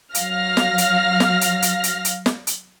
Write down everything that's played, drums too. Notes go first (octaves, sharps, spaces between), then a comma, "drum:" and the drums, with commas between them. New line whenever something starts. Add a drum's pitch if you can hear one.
F#3 F5 F6 A#6, drum: hi-hat
drum: snare
drum: hi-hat
drum: snare
drum: hi-hat
drum: hi-hat
drum: hi-hat
drum: hi-hat
drum: snare
drum: hi-hat